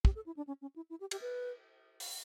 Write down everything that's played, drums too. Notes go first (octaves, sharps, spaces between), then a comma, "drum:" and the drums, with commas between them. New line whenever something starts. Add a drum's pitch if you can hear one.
G4, drum: kick
A4
E4
D4
C#4
C#4
E4
E4
G4
G4, drum: cymbal
B4
drum: open hi-hat